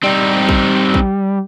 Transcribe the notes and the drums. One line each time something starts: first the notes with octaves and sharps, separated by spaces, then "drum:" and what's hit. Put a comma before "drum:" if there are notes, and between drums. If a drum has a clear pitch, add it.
G3 C4 D#4
drum: kick
drum: kick